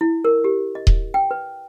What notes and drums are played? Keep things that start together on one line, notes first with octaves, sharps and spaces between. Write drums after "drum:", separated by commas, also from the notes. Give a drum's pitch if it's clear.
E4
A#4
G4
D#5
drum: kick D#1
G5
B4